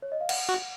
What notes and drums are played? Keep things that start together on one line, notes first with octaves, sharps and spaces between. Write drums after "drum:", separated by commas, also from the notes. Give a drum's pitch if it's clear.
C#5
D#5
F5
F#5, drum: cymbal
F#4